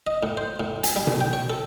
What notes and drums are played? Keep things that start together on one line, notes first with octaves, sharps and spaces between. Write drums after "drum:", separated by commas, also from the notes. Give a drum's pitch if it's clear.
D#5
A2
C5
A2
G#5, drum: hi-hat
G3
drum: tom B2
G5
C#5
A4